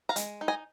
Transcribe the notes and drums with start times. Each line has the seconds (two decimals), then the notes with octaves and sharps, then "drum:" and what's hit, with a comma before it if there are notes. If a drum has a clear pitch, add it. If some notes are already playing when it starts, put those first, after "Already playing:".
0.09 F5 A#5
0.16 G#3, drum: hi-hat
0.41 D#4
0.48 D#5 G#5